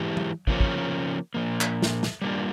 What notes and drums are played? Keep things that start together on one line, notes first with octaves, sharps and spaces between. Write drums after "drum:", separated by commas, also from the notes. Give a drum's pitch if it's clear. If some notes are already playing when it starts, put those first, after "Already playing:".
Already playing: E3 G#3 E4 G4
drum: tom
C#3 F3 A#3 C#4, drum: kick
drum: kick
A#2 F3 A#3
drum: clap
drum: snare
drum: snare
G3 A#3 D4 F4